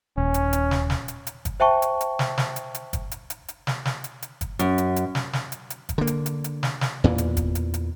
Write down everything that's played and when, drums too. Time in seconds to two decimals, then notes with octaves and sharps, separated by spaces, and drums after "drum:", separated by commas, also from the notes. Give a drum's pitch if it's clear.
0.18 D#1 C#4
0.34 drum: hi-hat
0.53 drum: hi-hat
0.71 drum: snare
0.90 drum: snare
1.08 drum: hi-hat
1.27 drum: hi-hat
1.45 drum: kick, hi-hat
1.60 C5 E5 G5 A5 C#6
1.82 drum: hi-hat
2.01 drum: hi-hat
2.19 drum: snare
2.38 drum: snare
2.56 drum: hi-hat
2.75 drum: hi-hat
2.93 drum: kick, hi-hat
3.12 drum: hi-hat
3.30 drum: hi-hat
3.48 drum: hi-hat
3.67 drum: snare
3.85 drum: snare
4.04 drum: hi-hat
4.22 drum: hi-hat
4.41 drum: kick, hi-hat
4.59 F#2, drum: hi-hat
4.78 drum: hi-hat
4.96 drum: hi-hat
5.15 drum: snare
5.33 drum: snare
5.52 drum: hi-hat
5.70 drum: hi-hat
5.89 drum: kick, hi-hat
5.98 D3 A#3
6.07 drum: hi-hat
6.26 drum: hi-hat
6.44 drum: hi-hat
6.63 drum: snare
6.81 drum: snare
7.04 E2 A#2 E3
7.18 drum: hi-hat
7.37 drum: kick, hi-hat
7.55 drum: hi-hat
7.74 drum: hi-hat